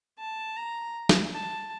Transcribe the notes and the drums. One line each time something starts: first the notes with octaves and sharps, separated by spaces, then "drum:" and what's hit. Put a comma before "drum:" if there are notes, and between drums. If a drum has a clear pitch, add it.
A5
A#5
drum: snare
A5